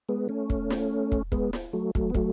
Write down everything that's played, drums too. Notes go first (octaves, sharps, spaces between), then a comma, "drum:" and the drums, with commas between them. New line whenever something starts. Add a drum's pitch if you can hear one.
G#3 B3
A3 C#4
drum: kick
drum: snare
drum: kick
G#3 B3, drum: kick
drum: snare
F#3 A3
F#3 A3, drum: kick
B3
F#3 A3, drum: kick